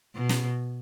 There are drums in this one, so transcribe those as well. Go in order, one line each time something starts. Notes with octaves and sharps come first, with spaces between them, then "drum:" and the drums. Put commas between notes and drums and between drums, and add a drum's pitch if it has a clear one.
B2
drum: snare